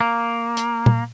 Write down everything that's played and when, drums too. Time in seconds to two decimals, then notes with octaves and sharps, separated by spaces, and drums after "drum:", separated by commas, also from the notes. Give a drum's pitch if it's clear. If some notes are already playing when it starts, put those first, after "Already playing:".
0.01 A#3
0.57 drum: hi-hat
0.86 drum: tom A#2